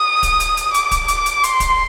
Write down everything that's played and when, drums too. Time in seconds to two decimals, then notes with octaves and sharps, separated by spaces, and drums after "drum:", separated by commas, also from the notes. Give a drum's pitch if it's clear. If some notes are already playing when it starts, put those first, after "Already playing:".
Already playing: D#6
0.23 drum: kick D1, hi-hat
0.40 drum: hi-hat
0.57 drum: hi-hat
0.74 D6, drum: hi-hat
0.91 drum: kick D1, hi-hat
1.08 D6, drum: hi-hat
1.26 drum: hi-hat
1.44 C6, drum: hi-hat
1.60 drum: kick D1, hi-hat